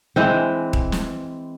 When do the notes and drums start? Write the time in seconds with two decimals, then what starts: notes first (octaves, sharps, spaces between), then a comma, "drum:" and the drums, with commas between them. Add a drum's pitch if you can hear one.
0.16 E3 G#3 C4
0.73 drum: kick D#1
0.92 drum: snare